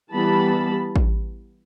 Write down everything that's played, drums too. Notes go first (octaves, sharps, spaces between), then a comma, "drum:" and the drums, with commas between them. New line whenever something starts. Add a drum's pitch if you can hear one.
E3 G3 B3 A5 B5
drum: kick A1